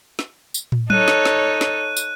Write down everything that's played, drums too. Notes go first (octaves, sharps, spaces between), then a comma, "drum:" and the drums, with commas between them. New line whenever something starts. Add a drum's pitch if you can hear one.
drum: snare
drum: tambourine
drum: tom
D#4 A4 C#5 F#6 D#7, drum: tom F#3
drum: snare
drum: snare
drum: snare
drum: tambourine